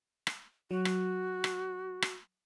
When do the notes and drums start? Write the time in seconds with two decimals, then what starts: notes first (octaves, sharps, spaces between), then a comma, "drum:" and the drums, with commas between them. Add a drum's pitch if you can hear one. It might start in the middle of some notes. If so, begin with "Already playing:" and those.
0.27 drum: rim click
0.71 F#3 F#4
0.85 drum: rim click
1.44 drum: rim click
2.02 drum: rim click